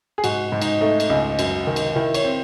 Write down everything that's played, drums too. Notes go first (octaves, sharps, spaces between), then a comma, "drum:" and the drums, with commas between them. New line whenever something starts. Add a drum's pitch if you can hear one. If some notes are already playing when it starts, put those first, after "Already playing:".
G#4
G#2 F#4, drum: cymbal
G#2
D#4, drum: cymbal
A3 D#4
drum: cymbal
C#2
F#2, drum: cymbal
D#3
drum: cymbal
D#3 E4
C#5, drum: cymbal
C4